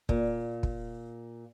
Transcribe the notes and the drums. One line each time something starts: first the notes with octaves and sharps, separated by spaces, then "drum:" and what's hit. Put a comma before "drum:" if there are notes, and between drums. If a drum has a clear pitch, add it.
A#2, drum: kick
drum: kick